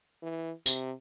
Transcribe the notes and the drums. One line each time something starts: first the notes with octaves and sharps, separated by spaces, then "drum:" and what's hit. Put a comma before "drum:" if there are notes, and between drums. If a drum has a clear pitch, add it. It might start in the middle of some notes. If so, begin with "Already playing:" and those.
E3
C3, drum: tambourine